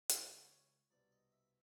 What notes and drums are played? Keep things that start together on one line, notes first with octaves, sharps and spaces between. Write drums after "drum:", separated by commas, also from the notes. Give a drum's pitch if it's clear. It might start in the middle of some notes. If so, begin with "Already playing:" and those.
C#2 C#3 E3 B4, drum: hi-hat
C#5
C#5
C2 B2 D5
D#5
E5